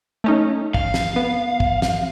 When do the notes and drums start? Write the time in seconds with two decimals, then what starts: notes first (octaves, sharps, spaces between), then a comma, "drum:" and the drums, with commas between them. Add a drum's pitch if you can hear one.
0.24 A3 C#4 D#4
0.74 F5, drum: kick
0.94 drum: snare
1.16 B3
1.60 drum: kick
1.82 drum: snare